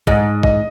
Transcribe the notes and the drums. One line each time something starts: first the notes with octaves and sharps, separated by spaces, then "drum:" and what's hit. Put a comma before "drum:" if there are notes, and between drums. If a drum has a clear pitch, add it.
G#2 D#5, drum: kick
D#5, drum: kick